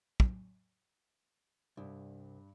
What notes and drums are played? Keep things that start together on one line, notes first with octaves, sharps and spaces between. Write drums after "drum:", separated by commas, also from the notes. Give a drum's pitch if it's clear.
drum: kick
C2 G2